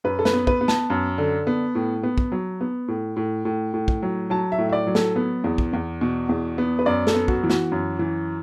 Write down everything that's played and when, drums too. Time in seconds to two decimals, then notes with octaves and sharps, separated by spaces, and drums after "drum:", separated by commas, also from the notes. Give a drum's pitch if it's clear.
0.04 F#2 B4
0.19 A4
0.25 B4, drum: snare
0.33 B3
0.47 B4, drum: kick
0.61 B3
0.68 A5, drum: snare
0.90 F#2
1.18 D3
1.47 B3
1.75 A2
2.03 B3
2.18 drum: kick
2.32 F#3
2.61 B3
2.88 A2
3.17 A2
3.45 A2
3.74 A2
3.88 drum: kick
4.02 F#3
4.30 F#3 A5
4.52 E5
4.58 A2
4.69 E5
4.73 D5
4.87 F#3
4.95 A4, drum: snare
5.16 B3
5.44 E2
5.58 drum: kick
5.73 E2
6.01 B2
6.29 E2
6.58 B3
6.79 B4
6.86 F#2 D5
7.07 A4, drum: snare
7.14 B3
7.28 F#4, drum: kick
7.44 E3
7.50 F#4, drum: snare
7.72 F#2
7.99 E3